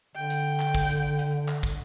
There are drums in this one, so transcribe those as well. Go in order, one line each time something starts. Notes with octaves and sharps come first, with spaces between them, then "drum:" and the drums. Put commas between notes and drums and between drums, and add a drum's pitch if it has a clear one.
D3 G5
drum: hi-hat
drum: clap
drum: kick
drum: hi-hat
drum: hi-hat
drum: clap
drum: kick